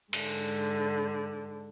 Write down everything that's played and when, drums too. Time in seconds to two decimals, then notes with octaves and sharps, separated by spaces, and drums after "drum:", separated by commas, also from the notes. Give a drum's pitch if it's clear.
0.13 G#2 D3, drum: cymbal